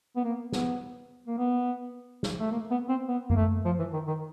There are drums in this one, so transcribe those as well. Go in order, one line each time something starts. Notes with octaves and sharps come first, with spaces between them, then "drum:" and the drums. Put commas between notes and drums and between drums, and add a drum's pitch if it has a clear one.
B3
A#3
B3, drum: snare
A#3
B3
drum: snare
A3
A#3
B3
C4
B3
A#3, drum: tom F#2
A3
F3
E3
D#3
D#3